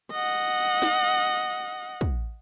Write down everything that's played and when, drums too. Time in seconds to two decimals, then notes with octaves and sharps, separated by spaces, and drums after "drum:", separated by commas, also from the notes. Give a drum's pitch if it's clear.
0.12 D#5 F#5
0.82 drum: snare
2.01 drum: kick